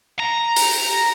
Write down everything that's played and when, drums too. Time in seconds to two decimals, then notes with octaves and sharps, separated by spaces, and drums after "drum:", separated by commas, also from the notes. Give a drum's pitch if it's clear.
0.19 A#5
0.56 drum: open hi-hat